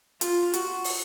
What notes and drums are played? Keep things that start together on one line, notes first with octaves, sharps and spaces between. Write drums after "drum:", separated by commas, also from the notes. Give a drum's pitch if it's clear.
F4, drum: hi-hat
F#4, drum: hi-hat
drum: open hi-hat